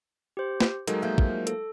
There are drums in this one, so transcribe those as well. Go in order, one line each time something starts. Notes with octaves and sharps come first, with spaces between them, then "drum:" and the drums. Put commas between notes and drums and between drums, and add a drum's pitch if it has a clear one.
G4 C5
drum: snare
F#3 G#3 A#3 D#4 A4, drum: hi-hat
F3 A#3 E5 G6
drum: kick
A4, drum: hi-hat